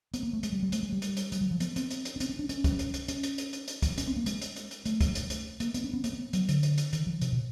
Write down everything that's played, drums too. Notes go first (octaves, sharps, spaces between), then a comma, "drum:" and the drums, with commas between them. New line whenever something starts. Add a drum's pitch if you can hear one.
B3, drum: hi-hat
A#3
A3
G#3, drum: hi-hat
G3
G3
A3, drum: hi-hat
G#3
G3
drum: hi-hat
drum: hi-hat
G3, drum: hi-hat
F#3
F3
B3, drum: hi-hat
C4, drum: hi-hat
drum: hi-hat
drum: hi-hat
C#4
C4, drum: hi-hat
C#4
D4
C#4, drum: hi-hat
drum: kick, hi-hat
drum: hi-hat
drum: hi-hat
C#4, drum: hi-hat
drum: hi-hat
drum: hi-hat
drum: hi-hat
drum: hi-hat
drum: kick, hi-hat
C#4, drum: hi-hat
C4
A#3
G#3, drum: hi-hat
drum: hi-hat
drum: hi-hat
drum: hi-hat
A3, drum: hi-hat
drum: kick, hi-hat
drum: hi-hat
drum: hi-hat
A#3, drum: hi-hat
B3, drum: hi-hat
C#4
B3
A#3, drum: hi-hat
B3
F#3, drum: hi-hat
D3, drum: hi-hat
drum: hi-hat
drum: hi-hat
D#3, drum: hi-hat
F3
C3, drum: hi-hat
B2